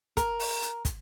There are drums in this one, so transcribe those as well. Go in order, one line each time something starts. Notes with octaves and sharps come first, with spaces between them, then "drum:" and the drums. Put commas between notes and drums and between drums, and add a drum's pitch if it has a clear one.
A#4, drum: kick, hi-hat
drum: open hi-hat
drum: hi-hat
drum: kick, hi-hat